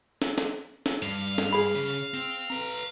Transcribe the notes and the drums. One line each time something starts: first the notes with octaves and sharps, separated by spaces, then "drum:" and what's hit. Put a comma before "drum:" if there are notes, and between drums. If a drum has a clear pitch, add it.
drum: snare
drum: snare
drum: snare
G2 F5
drum: snare
G#4 B5
C#3
C4
B4 A#5